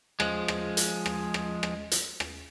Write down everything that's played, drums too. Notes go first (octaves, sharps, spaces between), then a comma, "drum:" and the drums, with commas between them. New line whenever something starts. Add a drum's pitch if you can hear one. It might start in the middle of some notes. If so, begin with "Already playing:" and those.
F3 G#3, drum: rim click
drum: rim click
drum: hi-hat
drum: rim click
drum: rim click
drum: rim click
drum: hi-hat
drum: rim click